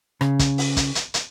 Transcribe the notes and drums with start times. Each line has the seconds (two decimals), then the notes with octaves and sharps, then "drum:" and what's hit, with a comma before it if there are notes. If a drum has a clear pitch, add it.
0.21 C#3, drum: rim click
0.39 drum: kick, hi-hat
0.58 drum: open hi-hat
0.77 drum: kick, hi-hat
0.95 drum: hi-hat
1.14 drum: hi-hat